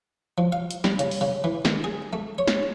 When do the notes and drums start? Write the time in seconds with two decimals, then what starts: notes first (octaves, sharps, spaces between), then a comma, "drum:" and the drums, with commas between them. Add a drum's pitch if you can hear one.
0.38 F3
0.52 F5
0.71 drum: hi-hat
0.84 G3, drum: snare
0.99 C#3, drum: hi-hat
1.11 drum: open hi-hat
1.21 C#3
1.44 E3
1.65 D#3, drum: snare
1.84 G#4
2.13 A3
2.38 C#5
2.47 drum: snare